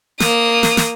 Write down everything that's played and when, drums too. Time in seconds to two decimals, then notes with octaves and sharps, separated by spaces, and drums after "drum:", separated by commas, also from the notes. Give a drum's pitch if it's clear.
0.20 A#3 D#6, drum: snare
0.63 drum: snare
0.77 drum: snare